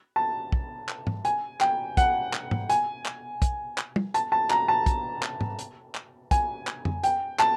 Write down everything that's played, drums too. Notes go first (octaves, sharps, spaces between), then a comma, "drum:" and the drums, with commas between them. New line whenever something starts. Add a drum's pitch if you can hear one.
A5
drum: kick
drum: clap
drum: tom G#2
G#5, drum: hi-hat
G5, drum: clap
F#5, drum: kick, hi-hat
drum: clap
drum: tom G#2
G#5, drum: hi-hat
drum: clap
drum: kick, hi-hat
drum: clap
drum: tom
A5, drum: hi-hat
A5
A#5, drum: clap
A5
drum: kick, hi-hat
drum: clap
drum: tom G#2
drum: hi-hat
drum: clap
G#5, drum: kick, hi-hat
drum: clap
drum: tom F2
G5, drum: hi-hat
A5, drum: clap